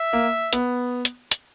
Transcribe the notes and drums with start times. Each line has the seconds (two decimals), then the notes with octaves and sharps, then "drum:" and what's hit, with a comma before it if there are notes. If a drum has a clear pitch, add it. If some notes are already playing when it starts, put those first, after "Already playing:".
Already playing: E5
0.13 A#3
0.53 B3, drum: hi-hat
1.05 drum: hi-hat
1.31 drum: hi-hat